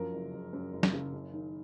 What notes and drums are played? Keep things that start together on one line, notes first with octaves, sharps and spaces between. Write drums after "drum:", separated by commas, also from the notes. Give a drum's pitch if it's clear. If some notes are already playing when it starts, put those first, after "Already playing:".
Already playing: F#2 F3 A#4
F#1
F#1
F#2
F#1
drum: snare
C#3
F#1
D#3